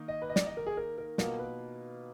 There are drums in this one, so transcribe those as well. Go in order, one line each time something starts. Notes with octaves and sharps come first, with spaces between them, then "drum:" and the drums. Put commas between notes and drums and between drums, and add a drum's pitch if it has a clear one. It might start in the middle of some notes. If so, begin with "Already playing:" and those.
Already playing: D#3 A#3 D#4
D#5
B4
D#5
D5, drum: snare
D#5
A#4
G#4
A#4
A#4
B2 A#3 F4 A#4, drum: snare
B4